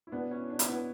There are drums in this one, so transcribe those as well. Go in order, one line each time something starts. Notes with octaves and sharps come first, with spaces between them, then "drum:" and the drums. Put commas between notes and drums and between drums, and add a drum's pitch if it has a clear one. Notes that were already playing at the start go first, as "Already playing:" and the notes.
E4
B2 B3 D4
C#4 E4
D4
E4, drum: hi-hat
B3 D4